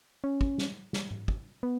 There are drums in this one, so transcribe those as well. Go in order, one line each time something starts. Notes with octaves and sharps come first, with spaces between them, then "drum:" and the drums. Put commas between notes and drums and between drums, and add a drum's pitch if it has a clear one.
C#4
drum: kick
drum: snare
drum: snare
drum: tom G#2
drum: kick
B3